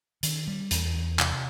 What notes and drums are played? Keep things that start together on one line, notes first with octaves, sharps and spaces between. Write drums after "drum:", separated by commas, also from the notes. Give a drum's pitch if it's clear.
D#3, drum: hi-hat
G3
E2, drum: hi-hat
E2
C3, drum: clap